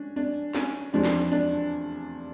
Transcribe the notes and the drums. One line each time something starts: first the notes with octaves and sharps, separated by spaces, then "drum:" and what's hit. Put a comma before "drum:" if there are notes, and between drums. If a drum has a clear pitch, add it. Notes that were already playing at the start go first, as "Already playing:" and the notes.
Already playing: C#4 D4
D4
C#4, drum: snare
E2 C3 F3 D4
drum: snare
D4